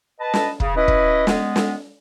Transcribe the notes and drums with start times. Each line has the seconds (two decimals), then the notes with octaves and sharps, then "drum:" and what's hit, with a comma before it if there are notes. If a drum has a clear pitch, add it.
0.20 B4 D#5 A5
0.34 drum: snare
0.60 C#3, drum: kick
0.76 C#4 E4 B4 D#5
0.88 drum: kick
1.27 G#3 B3, drum: snare
1.56 drum: snare